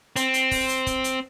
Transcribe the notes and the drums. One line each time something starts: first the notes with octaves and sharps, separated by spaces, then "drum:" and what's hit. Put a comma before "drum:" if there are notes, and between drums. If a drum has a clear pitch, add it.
C4, drum: hi-hat
drum: hi-hat
drum: kick, open hi-hat
drum: hi-hat
drum: kick, hi-hat
drum: hi-hat